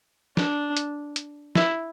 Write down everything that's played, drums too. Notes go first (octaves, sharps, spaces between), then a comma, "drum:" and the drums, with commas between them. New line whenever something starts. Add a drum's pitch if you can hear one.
D4, drum: snare
drum: hi-hat
drum: hi-hat
E4, drum: snare